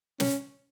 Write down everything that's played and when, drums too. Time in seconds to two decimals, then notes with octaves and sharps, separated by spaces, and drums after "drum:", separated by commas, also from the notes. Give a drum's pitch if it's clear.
0.20 C#4, drum: snare